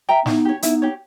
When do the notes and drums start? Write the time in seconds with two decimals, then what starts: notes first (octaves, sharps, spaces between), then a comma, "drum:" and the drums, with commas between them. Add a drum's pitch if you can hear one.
0.09 E5 G5 A#5
0.26 B3 D#4 E4, drum: snare
0.45 G4 C#5
0.62 B3 D#4 E4, drum: hi-hat
0.82 G4 C#5